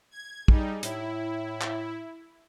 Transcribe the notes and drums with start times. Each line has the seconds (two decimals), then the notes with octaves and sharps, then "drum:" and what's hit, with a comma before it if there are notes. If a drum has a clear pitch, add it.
0.11 G#6
0.48 G3 D#4 G#4, drum: kick
0.83 A2 E4, drum: hi-hat
1.61 drum: clap